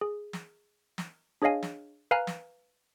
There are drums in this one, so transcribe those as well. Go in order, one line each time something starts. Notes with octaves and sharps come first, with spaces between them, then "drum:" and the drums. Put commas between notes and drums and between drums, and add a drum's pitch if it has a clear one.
G#4
drum: snare
drum: snare
D4 G#4 C#5 D#5 F5 G#5
drum: snare
B4 F5 G#5 A#5 F6 F#6
drum: snare